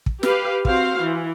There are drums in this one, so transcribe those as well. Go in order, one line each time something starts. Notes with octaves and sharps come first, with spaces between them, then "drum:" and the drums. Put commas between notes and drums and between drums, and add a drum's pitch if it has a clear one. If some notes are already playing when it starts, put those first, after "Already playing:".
drum: kick
G4 B4 F5, drum: snare
C4 F#4 C5 F5, drum: kick
E3